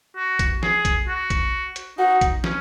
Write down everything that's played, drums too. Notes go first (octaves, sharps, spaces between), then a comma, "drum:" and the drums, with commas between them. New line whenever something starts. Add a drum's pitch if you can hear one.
F#4
drum: kick A#1, hi-hat
G#4, drum: snare
drum: kick A#1, hi-hat
F#4
drum: kick A#1, hi-hat
drum: hi-hat
D#4 F#4
drum: kick A#1, hi-hat
C#4, drum: snare